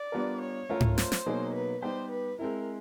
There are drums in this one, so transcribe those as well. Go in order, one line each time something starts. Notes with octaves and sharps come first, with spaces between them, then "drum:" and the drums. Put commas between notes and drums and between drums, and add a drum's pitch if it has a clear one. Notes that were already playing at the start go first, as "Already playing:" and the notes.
Already playing: D5
G3 B3 D4 F4 A#4
C#5
A3 C#4 F4 A#4
drum: tom G#2
C5, drum: snare
drum: snare
B2 F#3 A#3 D#4 G#4
B4
G3 B3 D#4 G4 C5
B4
G#3 C4 E4 A#4